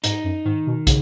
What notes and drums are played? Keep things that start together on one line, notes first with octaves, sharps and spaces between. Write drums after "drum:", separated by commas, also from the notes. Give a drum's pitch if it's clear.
G#2 D#4, drum: hi-hat
F#2
G#2 D#3
B2
C#3, drum: kick, hi-hat